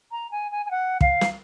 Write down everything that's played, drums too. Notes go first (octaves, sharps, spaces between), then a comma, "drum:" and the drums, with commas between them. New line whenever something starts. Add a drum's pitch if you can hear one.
A#5
G#5
G#5
G#5
F#5
F5, drum: kick
drum: snare